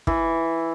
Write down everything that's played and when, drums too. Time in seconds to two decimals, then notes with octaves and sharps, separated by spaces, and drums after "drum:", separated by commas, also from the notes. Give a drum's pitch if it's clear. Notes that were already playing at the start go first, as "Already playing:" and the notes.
0.07 E3, drum: kick